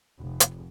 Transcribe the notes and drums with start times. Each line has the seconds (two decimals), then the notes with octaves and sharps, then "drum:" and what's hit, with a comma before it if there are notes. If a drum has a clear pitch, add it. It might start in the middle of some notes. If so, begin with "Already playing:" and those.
0.19 F1
0.40 drum: hi-hat